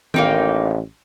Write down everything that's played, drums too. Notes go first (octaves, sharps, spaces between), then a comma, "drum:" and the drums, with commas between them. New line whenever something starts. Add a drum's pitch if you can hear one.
A1 A#3 D#4 G5, drum: tom D#3